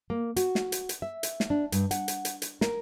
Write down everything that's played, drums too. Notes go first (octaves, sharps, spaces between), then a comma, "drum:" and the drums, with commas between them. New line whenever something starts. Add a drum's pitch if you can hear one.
A#3
F#4, drum: hi-hat
drum: snare
drum: hi-hat
drum: hi-hat
E5
drum: hi-hat
drum: snare
D4
G2, drum: hi-hat
F#5, drum: hi-hat
drum: hi-hat
drum: hi-hat
drum: hi-hat
A#4, drum: snare